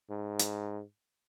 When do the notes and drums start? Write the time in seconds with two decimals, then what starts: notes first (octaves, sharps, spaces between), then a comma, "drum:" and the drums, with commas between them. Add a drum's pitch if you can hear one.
0.10 G#2
0.39 drum: hi-hat